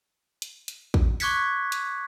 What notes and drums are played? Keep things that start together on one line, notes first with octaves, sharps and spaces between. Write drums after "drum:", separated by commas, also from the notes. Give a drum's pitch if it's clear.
drum: hi-hat
drum: hi-hat
drum: kick
C#6 D6 F#6 G#6 B6 C#7, drum: open hi-hat
drum: hi-hat